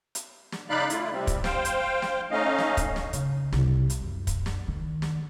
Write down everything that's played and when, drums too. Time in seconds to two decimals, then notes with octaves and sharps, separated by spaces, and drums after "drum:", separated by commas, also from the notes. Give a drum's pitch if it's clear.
0.15 drum: hi-hat
0.52 drum: snare
0.70 C#3 D#4 D5 F5 B5 F#6
0.90 A3 E4 F4, drum: hi-hat
1.12 C3 G3 C4
1.27 drum: kick, hi-hat
1.44 C5 F5 G5, drum: snare
1.65 drum: hi-hat
2.02 drum: snare
2.31 A3 C#4 D#4 D#5 F5
2.58 drum: snare
2.77 drum: kick, hi-hat
2.96 drum: snare
3.13 C#3, drum: hi-hat
3.53 C2, drum: snare
3.90 drum: hi-hat
4.01 F#2
4.27 drum: kick, hi-hat
4.46 drum: snare
4.68 D#3
5.02 drum: snare